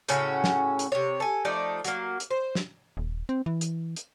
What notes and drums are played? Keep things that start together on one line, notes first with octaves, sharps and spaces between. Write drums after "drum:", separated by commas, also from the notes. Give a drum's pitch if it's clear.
A2 C#3 C#4 F#4, drum: hi-hat
drum: snare
drum: hi-hat
C3 C#5
A4 G#5
F3 A3 D#4 D5
F#3 A#3, drum: hi-hat
drum: hi-hat
C5
drum: snare
D#1
C4
E3
drum: hi-hat
drum: hi-hat